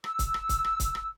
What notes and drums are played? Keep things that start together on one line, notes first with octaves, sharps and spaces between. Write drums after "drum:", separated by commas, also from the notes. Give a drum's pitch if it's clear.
E6, drum: rim click
drum: kick, hi-hat
drum: rim click
drum: kick, hi-hat
drum: rim click
drum: kick, hi-hat
drum: rim click